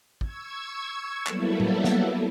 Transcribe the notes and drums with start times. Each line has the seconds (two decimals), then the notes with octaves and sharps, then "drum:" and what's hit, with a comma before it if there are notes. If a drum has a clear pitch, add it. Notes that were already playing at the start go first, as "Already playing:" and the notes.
0.21 C#6 E6 G#6, drum: kick
1.27 F#3 G3 A#3 B3 E4 A4, drum: clap
1.60 drum: tom A2
1.84 drum: snare